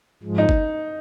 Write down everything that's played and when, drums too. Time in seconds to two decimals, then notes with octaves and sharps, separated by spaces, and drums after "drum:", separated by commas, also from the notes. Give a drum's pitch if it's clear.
0.23 G#2 F3 G#3
0.38 D#4
0.49 drum: kick G1